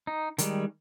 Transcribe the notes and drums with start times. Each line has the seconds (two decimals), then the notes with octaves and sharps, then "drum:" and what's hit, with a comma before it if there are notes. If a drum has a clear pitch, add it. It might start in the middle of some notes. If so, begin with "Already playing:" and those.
0.07 D#4
0.38 D#3 G3 G#3, drum: hi-hat